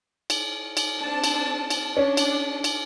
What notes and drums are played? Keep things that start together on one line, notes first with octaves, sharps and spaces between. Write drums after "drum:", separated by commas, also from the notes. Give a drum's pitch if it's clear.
drum: cymbal
drum: cymbal
C4 D4 A5
drum: cymbal
drum: cymbal
C#4 D4
drum: cymbal
drum: cymbal